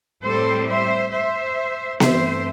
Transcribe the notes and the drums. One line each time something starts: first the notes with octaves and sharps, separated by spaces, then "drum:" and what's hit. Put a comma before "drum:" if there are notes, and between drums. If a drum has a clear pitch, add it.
A2 G3 C4 A4 C5
C5 E5
C5 E5
G2 E3 A3 C4 C5 E5, drum: snare B3